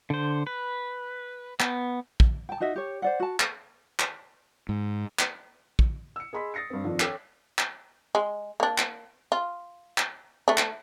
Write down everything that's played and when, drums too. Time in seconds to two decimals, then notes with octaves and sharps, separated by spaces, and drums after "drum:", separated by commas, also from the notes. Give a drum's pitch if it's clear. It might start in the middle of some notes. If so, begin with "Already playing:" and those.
0.10 D3 C5
0.47 B4
1.60 B3, drum: clap
2.20 drum: kick
2.49 G5 A5
2.60 D#4 F#4 D#5 E5
2.76 G4 C#5
3.02 C5 D5 F#5
3.20 F#4 A5
3.40 drum: clap
3.99 drum: clap
4.69 G#2
5.19 drum: clap
5.79 drum: kick
6.16 E6 C#7
6.33 G#4 D#5 B5 C6 B6
6.54 D#6 A6 A#6 C7 C#7
6.70 G2 C4
6.84 F2 D#3 F3 D4
7.00 A4 C#5 G5 D6 E6 F6, drum: clap
7.58 drum: clap
8.15 G#3
8.60 A#3 D4
8.78 drum: clap
9.32 F4
9.98 drum: clap
10.48 A3 D4
10.57 drum: clap